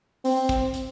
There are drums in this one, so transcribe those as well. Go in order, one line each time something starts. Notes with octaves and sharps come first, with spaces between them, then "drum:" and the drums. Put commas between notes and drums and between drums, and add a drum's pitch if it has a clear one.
C4, drum: open hi-hat
drum: kick, hi-hat
drum: hi-hat